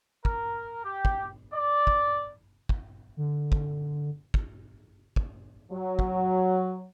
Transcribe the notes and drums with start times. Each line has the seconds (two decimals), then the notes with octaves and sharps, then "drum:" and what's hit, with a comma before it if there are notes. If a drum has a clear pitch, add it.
0.25 A#4, drum: kick
0.84 G4
1.05 drum: kick
1.53 D5
1.87 drum: kick
2.69 drum: kick
3.17 D3
3.52 drum: kick
4.34 drum: kick
5.16 drum: kick
5.72 F#3
5.99 drum: kick